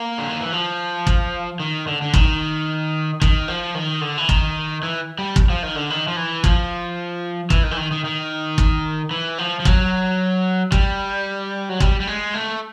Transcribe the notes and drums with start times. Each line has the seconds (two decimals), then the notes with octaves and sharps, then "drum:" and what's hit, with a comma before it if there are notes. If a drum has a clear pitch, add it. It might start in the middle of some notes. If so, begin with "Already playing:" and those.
Already playing: A#3
0.18 D3
0.29 D#3
0.41 E3
0.52 F3
1.07 drum: kick
1.60 D#3
1.87 D3
2.02 D3
2.14 D#3, drum: kick
3.22 D#3, drum: kick
3.48 F3
3.75 D#3
4.01 D3
4.18 E3
4.29 D#3, drum: kick
4.83 E3
5.18 G3
5.36 drum: kick
5.50 F3
5.63 D#3
5.76 D3
5.90 D#3
6.08 F3
6.17 E3
6.44 F3, drum: kick
7.50 E3, drum: kick
7.63 D#3
7.71 E3
7.77 D#3
7.91 D#3
8.05 D#3
8.58 drum: kick
9.11 E3
9.38 F3
9.60 F3
9.65 F#3, drum: kick
10.72 G3, drum: kick
11.69 F#3
11.80 G3, drum: kick
12.00 G3
12.07 G#3
12.34 A3